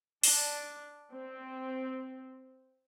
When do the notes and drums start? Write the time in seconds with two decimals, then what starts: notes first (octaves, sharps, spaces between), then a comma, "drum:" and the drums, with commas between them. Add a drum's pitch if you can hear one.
0.23 D4, drum: open hi-hat
1.12 C4